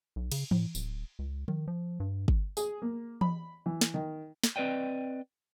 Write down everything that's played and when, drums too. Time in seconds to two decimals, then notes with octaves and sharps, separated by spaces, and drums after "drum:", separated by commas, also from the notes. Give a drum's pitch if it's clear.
0.16 B1
0.32 C#3, drum: cymbal
0.51 A2, drum: tom E3
0.75 D1, drum: tambourine
1.19 C#2
1.48 D#3, drum: tom F3
1.68 F3
2.00 G2
2.28 drum: kick G1
2.57 G#4, drum: tambourine
2.82 A#3
3.21 B5, drum: tom E3
3.66 E3
3.81 drum: snare
3.94 D#3
4.44 drum: snare
4.56 C4 B4 D5 D#5 G5